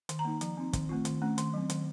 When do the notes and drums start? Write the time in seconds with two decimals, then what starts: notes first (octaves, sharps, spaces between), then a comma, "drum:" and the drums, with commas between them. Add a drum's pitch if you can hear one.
0.09 D#3, drum: hi-hat
0.19 A#5
0.25 A#3 D#4
0.41 F3, drum: hi-hat
0.57 C4 D#4
0.73 D#3, drum: kick, hi-hat
0.89 A3 C4 F4
1.05 D#3, drum: hi-hat
1.22 A3 C#4
1.38 D#3 C6, drum: hi-hat
1.54 F#3 C4
1.70 D#3, drum: hi-hat